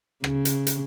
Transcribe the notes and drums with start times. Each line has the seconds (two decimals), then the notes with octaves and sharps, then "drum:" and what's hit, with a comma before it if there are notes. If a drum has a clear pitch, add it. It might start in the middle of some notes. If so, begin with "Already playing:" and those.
0.24 C#3, drum: rim click
0.45 drum: hi-hat
0.67 drum: hi-hat